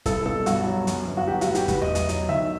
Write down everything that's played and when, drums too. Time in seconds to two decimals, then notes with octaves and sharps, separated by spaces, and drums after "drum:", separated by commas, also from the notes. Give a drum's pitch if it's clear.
0.06 C2 A4, drum: kick G1, hi-hat
0.26 B2 A4
0.46 G2 F#4, drum: hi-hat
0.67 F#3
0.87 F#2, drum: hi-hat
1.07 G1
1.17 F#4
1.28 F#3 G4
1.41 F#4, drum: hi-hat
1.48 A2
1.55 G4, drum: hi-hat
1.68 A2 B4, drum: kick G1, hi-hat
1.82 D#5, drum: tom E2
1.89 B1
1.95 D#5, drum: hi-hat
2.09 F#3 D#5, drum: hi-hat
2.29 D#3 E5